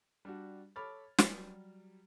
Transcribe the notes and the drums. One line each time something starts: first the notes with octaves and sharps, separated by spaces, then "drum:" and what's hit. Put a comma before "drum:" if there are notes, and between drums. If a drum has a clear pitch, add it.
G3 D4 F#4
A4 C#5 B5 D6 F6 A6
F#3 G3, drum: snare